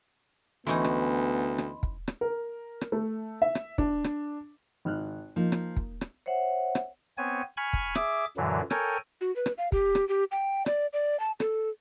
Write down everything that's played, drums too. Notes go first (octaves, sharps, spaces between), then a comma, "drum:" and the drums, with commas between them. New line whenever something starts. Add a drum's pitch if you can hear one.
D2 E3 B3 C#4 D#4 D#5 B5 C6
drum: rim click
drum: rim click
drum: kick
drum: rim click
A#4
drum: rim click
A3
E5
drum: rim click
D4, drum: kick
drum: rim click
G#1 F6 F#6
F3 A#3 D#4
drum: rim click
drum: kick
drum: rim click
C5 C#5 E5 F#5
drum: rim click
B3 C4 C#5 G#5
G#5 B5 C#6 F6 G#6
drum: kick
G#4 E5 D6, drum: rim click
F#2 A#2 D3 E3 F#3
A4 A#4 C#5 G5 G#5, drum: rim click
F#4
B4
drum: rim click
F5
G4, drum: kick
drum: rim click
G4
G5
D5, drum: rim click
D5
A5
A4, drum: rim click